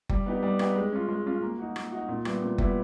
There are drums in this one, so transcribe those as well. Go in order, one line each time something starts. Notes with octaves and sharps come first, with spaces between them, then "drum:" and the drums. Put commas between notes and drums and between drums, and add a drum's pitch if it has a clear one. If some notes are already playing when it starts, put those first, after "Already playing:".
G3, drum: kick F#1
B3 D#4 G4
G3
B3 D#4 G4, drum: rim click
G#3
C#4 F4
G#3
C#4 F4
A#3
D#4 F#4
A#3, drum: rim click
D#4 F#4
A#2
G3 B3 E4, drum: rim click
A#2
G3 B3 E4, drum: kick F#1